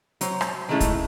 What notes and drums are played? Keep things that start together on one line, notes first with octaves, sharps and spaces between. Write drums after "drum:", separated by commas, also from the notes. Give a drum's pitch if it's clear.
F#3 C5 C#5, drum: hi-hat
drum: rim click
D#3 E3 G#3 A3 C#4 E4
drum: kick, hi-hat